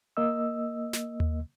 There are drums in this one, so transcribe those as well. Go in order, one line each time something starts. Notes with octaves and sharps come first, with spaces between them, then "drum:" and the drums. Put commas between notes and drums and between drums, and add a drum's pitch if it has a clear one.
A#3 D#5 E6
drum: snare
drum: tom D#2